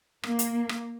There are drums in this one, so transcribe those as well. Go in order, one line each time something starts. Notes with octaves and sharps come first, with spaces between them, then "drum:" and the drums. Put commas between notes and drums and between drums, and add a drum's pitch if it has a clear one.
A#3, drum: rim click
drum: hi-hat
drum: rim click